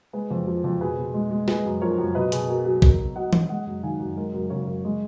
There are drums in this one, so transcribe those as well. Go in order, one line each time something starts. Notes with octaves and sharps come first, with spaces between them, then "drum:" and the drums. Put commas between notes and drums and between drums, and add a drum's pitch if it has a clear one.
G#3 G#4 B4
F2
F3
F2
B2 G#4 B4
B2
G#3
G#3
G#3 G#4 B4, drum: snare
F#2
F3 A#4 C#5
F#2
B2 B4 D#5
B2 G#4, drum: hi-hat
F#3 A#4
F#3 G#4
B2 A#4, drum: kick A#1
B2
F#3 D#5 F#5
F#3, drum: tom E3
G#3 D#5 F#5
F#2
D#3 F5 G#5
F#2
G#3 A#4
F#2 A#4
C#3 A#4 C#5
F#2 A#4 C#5
G#3